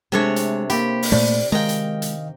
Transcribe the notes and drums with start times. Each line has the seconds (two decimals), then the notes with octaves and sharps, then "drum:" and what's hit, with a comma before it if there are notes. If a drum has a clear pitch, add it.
0.12 C3 G#3 A3 D4 C#5
0.36 drum: hi-hat
0.70 A#3 G4 C5 B5, drum: hi-hat
1.03 drum: open hi-hat
1.12 A#2 A3 C5 D5
1.52 D#3 G#3 D#5 F5 G5 A#5
1.69 drum: hi-hat
2.02 drum: hi-hat